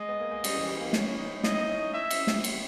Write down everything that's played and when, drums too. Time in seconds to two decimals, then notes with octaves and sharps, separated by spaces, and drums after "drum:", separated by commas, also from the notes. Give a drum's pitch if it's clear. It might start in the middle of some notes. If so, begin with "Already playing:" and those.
Already playing: G#3 D#5
0.09 B3
0.20 A#3
0.31 G#3
0.44 G3, drum: cymbal
0.55 E3
0.69 G3
0.80 A#3
0.93 C#4, drum: snare
1.18 D#4
1.44 E4 D#5, drum: snare
1.56 D#4
1.69 C#4
1.82 D#4
1.94 E4 E5
2.11 drum: cymbal
2.27 drum: snare
2.44 drum: cymbal